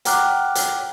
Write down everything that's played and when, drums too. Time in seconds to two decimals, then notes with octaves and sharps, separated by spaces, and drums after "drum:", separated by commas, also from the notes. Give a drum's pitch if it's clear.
0.05 F#5 G5 A#5 D6 F6 F#6, drum: hi-hat
0.55 drum: hi-hat